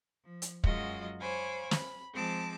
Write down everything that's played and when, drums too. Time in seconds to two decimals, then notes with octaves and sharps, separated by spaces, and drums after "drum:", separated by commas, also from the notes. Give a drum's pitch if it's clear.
0.23 F3
0.42 drum: hi-hat
0.64 F#2 F#3 G#3 F4 F#4 D#5, drum: kick
1.20 C5 C#5 F5 G#5 B5 D6
1.71 B5, drum: snare
2.14 F3 G#3 C4 A5 D6